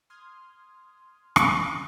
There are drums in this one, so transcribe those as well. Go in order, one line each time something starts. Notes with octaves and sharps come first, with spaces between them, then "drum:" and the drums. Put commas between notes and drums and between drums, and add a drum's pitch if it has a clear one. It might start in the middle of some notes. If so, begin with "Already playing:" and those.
C6 D#6 F6 G#6
drum: rim click